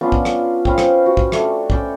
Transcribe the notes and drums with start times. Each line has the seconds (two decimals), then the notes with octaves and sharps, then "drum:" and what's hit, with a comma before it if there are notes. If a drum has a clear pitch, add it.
0.01 B3 C#4 D4 F4
0.12 drum: kick
0.25 drum: rim click
0.65 C4 C#4 B4 F5, drum: kick
0.78 drum: rim click
1.06 F#4
1.17 drum: kick
1.32 A3 D4, drum: rim click
1.70 C#4 D5 G5 E6, drum: kick